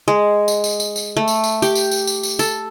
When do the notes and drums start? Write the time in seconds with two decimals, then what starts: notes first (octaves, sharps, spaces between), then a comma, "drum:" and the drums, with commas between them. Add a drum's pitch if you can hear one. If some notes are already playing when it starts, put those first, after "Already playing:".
0.08 G#3
0.48 drum: tambourine
0.64 drum: tambourine
0.80 drum: tambourine
0.96 drum: tambourine
1.17 A3
1.28 drum: tambourine
1.44 drum: tambourine
1.62 G4, drum: tambourine
1.75 drum: tambourine
1.91 drum: tambourine
2.07 drum: tambourine
2.23 drum: tambourine
2.39 A4, drum: tambourine